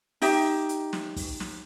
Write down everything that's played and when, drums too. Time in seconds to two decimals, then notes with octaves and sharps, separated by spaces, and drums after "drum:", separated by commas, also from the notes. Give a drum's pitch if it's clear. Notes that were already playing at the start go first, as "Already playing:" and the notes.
0.22 D#4 G4 E5, drum: open hi-hat
0.69 drum: hi-hat
0.93 drum: snare
1.16 drum: kick, open hi-hat
1.40 drum: snare